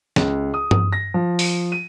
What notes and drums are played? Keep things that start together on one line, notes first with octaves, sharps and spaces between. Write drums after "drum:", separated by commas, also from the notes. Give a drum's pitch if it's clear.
C#2, drum: snare
D#6
D#6, drum: tom G2
A#6
F3
drum: open hi-hat
D#7